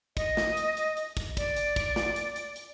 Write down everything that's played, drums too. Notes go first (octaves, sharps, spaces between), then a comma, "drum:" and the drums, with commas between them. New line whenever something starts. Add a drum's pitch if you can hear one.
D#5, drum: kick, hi-hat
drum: snare
drum: hi-hat
drum: hi-hat
drum: hi-hat
drum: kick, hi-hat
D5, drum: kick, hi-hat
drum: hi-hat
drum: kick, hi-hat
drum: snare
drum: hi-hat
drum: hi-hat
drum: hi-hat